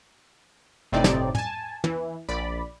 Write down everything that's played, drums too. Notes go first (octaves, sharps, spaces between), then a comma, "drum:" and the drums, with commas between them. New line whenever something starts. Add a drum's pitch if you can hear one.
G1 A2 C3 C4 D#4 D5
drum: snare
G#5 A5, drum: tom
E3, drum: tom
A#1 D5 B5